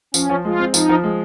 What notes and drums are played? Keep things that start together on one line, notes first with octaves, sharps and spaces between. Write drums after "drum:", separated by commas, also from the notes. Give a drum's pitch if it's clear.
F3 C#4, drum: tambourine
F3
G#3 F4
C4
F3 D#4, drum: tambourine
F3
G#3